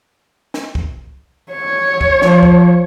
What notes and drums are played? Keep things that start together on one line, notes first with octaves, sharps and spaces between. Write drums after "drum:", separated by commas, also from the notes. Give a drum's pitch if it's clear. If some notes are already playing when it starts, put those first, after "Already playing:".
drum: snare
drum: kick
C#5
drum: kick
F3, drum: snare
drum: kick